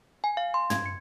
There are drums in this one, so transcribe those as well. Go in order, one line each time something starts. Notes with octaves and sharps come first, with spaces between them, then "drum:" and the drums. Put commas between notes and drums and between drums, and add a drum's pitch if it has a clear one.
G#5
F5
C6
G#6, drum: tom
C#7